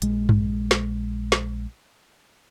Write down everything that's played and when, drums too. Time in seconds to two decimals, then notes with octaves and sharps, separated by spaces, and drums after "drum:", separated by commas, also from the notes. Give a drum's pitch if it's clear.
0.02 A#1 G#3, drum: hi-hat
0.29 drum: tom G2
0.71 drum: snare
1.32 drum: snare